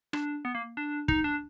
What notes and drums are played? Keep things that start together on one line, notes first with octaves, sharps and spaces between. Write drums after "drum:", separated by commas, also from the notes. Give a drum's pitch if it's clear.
D4, drum: rim click
B3
A#3
D4
D#4, drum: kick
D4